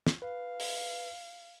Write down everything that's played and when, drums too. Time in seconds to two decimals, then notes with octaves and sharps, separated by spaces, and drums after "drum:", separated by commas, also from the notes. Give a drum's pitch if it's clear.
0.07 drum: snare
0.22 B4 F5
0.60 drum: open hi-hat